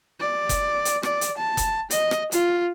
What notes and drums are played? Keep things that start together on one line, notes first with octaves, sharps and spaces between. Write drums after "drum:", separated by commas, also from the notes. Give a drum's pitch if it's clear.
D5
drum: kick F#1, hi-hat
drum: hi-hat
D5, drum: rim click
drum: hi-hat
A5
drum: kick F#1, hi-hat
D#5, drum: hi-hat
drum: rim click
F4, drum: hi-hat